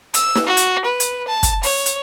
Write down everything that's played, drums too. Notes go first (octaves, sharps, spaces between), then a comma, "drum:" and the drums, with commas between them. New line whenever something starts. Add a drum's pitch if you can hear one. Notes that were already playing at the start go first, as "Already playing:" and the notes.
E6, drum: hi-hat
drum: snare
F#4
drum: hi-hat
B4
drum: hi-hat
A5
drum: kick, hi-hat
C#5, drum: open hi-hat
drum: hi-hat